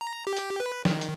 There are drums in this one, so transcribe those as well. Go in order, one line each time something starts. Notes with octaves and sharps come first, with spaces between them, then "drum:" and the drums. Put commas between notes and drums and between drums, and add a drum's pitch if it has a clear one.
A#5
G4
drum: hi-hat
B4
D#3, drum: snare
drum: hi-hat